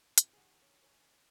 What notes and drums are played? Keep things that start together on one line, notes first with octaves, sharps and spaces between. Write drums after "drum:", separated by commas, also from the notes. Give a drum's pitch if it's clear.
C3 E4 G#4, drum: hi-hat
D#3 G4 G#4 D#5 F#5
C#4
C#4 C#5 G#5